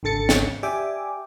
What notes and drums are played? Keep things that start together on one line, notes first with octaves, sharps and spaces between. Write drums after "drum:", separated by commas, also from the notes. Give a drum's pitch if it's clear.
G#1 C#2 D3 A4 A6 C#7
drum: snare
G4 D5 E5 G5 G#5 D6